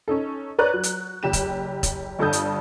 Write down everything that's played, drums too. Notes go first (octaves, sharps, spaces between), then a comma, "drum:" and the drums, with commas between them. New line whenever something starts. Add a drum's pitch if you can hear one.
C#4 D#4 A4
B4 C#5 D5 A#5 F#6
F#3
drum: hi-hat
F#1 G4 E7
drum: kick E1, hi-hat
drum: kick E1, hi-hat
G1 G2 A4 A5 D#6 G6
drum: hi-hat